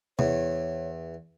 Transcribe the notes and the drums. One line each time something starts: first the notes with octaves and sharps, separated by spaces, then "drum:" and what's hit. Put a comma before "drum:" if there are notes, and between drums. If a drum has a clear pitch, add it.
E2 C#5, drum: tom C3